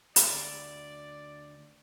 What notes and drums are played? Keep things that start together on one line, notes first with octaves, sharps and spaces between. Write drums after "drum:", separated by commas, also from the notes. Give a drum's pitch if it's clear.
D2 D5, drum: hi-hat